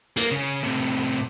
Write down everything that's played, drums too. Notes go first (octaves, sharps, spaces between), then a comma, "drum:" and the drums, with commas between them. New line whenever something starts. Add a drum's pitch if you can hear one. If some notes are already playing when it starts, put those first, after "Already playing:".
A#3, drum: hi-hat
C#3 C#4
A2 C3